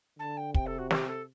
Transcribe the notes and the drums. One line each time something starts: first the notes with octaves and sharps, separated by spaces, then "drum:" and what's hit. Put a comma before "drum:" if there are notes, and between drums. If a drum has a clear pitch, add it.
D3 A5
G5
C3 G5, drum: kick
A4
F#4
G4, drum: snare
A4